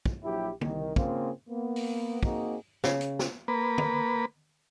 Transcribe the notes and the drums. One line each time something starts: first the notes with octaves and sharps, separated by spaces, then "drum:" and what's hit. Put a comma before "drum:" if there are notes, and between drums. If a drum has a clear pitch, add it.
drum: kick
A#1 F#3 E4 G4
C2 D#3, drum: tom
C#3 A#3 C4 F4 G#4, drum: kick
A#3 B3
drum: open hi-hat
A#3 C4 D#4 F#4 G#4, drum: kick
C#3, drum: snare
drum: hi-hat
drum: snare
A#3 B4
drum: tom